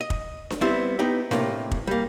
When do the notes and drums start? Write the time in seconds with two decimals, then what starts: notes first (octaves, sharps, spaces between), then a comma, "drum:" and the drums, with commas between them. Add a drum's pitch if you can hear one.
0.01 D#5
0.10 drum: kick
0.50 drum: snare D4
0.61 G3 B3 C4 E4 C5
0.99 B3 D#4 G4
1.31 A2 C3 A#3, drum: snare D4
1.71 drum: kick
1.87 G3 A#3